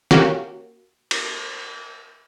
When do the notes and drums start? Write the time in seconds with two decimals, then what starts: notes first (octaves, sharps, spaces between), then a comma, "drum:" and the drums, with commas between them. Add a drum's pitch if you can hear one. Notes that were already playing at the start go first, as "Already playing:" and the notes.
0.11 A#3 C#4 F#4 G4, drum: snare
1.11 drum: cymbal